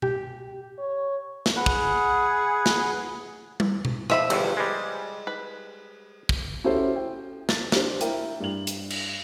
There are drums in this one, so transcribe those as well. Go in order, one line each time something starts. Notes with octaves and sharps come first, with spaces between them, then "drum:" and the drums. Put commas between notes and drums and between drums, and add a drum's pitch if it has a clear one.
G4, drum: tom B2
C#5
drum: snare
G#4 B4 F#5
drum: kick
drum: snare
drum: tom G3
drum: tom B2
F3 E5 B5, drum: rim click
G1 E2 G2, drum: cymbal
G3 G#3
B4
drum: kick
C#4 E4 F#4 G4 A4 C5
G5
A6, drum: snare
D4 G4 C5, drum: snare
E4 A#4 G5, drum: hi-hat
G2 F#7
drum: hi-hat
drum: cymbal